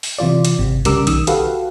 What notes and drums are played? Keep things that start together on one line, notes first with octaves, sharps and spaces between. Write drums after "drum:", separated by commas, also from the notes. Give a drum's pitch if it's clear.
drum: open hi-hat
C3 E3 F4 D5
drum: hi-hat
G#1 C3
C2 C#3 G3 A#4 D6 E6, drum: hi-hat
B1 D#3 D#6 E6, drum: hi-hat
F#4 G4 A4 B4 F5, drum: hi-hat